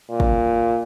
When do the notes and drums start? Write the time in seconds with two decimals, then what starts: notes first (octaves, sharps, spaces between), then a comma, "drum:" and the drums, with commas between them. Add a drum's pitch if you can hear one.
0.10 A#2
0.20 drum: kick